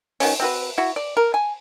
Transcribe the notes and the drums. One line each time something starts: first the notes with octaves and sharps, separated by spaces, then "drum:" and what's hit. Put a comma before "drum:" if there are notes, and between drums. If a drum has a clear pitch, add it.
D#3 F#3 C#4, drum: open hi-hat
C4 F#4 B4
E4 F#4
D5
A#4
G#5